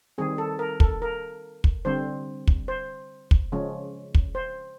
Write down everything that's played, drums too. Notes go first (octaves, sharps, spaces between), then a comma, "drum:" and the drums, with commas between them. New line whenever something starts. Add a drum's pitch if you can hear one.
D#3 G3 C4 G#4
A4
A#4
A4, drum: kick
A#4
drum: kick
D3 G3 C4 C5
drum: kick
C5
drum: kick
C#3 F3 G#3 C#4
drum: kick
C5